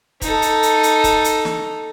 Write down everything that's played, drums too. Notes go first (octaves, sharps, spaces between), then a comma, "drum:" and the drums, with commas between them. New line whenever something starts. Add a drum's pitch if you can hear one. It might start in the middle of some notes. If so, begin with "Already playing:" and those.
D#4 A4, drum: kick, hi-hat
drum: hi-hat
drum: hi-hat
drum: hi-hat
drum: kick, hi-hat
drum: hi-hat
drum: snare